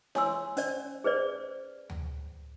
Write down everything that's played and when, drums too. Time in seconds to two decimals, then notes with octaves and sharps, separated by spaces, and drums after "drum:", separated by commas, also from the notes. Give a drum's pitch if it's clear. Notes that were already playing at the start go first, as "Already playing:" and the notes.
0.15 C#5 G#5 C6 E6, drum: snare E4
0.57 C#4 C5 D5, drum: hi-hat
1.04 G#4 B4 C5 D5
1.90 drum: tom D2